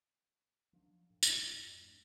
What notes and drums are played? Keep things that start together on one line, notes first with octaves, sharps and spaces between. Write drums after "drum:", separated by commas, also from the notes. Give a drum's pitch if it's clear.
F3 F#3 D4
A2
A1 A#2 D#3, drum: tambourine
F2 G#2
A3 D4